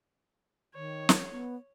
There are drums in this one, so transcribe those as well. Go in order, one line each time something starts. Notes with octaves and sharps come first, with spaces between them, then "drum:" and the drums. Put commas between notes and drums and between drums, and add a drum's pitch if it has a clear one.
D#3 C#5
drum: snare
B3